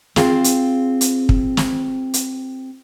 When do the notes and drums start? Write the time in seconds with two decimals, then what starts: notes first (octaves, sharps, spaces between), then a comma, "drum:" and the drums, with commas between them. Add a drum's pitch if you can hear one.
0.16 C4 F4 G#4 F5, drum: snare
0.44 drum: hi-hat
1.01 drum: hi-hat
1.29 drum: kick
1.57 drum: snare
2.14 drum: hi-hat